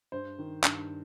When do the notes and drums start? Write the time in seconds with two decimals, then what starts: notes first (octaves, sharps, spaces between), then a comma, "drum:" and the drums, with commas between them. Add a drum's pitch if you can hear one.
0.12 G2 C5
0.39 D#3
0.64 G2, drum: clap